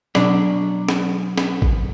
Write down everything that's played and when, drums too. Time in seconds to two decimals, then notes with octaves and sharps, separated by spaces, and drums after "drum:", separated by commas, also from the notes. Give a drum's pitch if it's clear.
0.15 B2 F#3 D4 D5, drum: snare
0.89 drum: snare
1.38 drum: snare
1.62 drum: kick A1